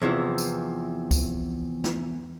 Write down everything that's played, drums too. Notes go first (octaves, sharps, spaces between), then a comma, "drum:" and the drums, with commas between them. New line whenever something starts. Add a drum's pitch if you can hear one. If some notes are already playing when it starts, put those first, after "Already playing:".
E2 C3 E3 F3
drum: tambourine
drum: kick, tambourine
drum: snare